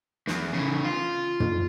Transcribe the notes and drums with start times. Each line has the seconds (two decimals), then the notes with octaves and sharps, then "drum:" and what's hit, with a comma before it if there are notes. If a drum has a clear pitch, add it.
0.27 E2, drum: snare
0.53 C#3 E3
0.84 F4
1.40 drum: tom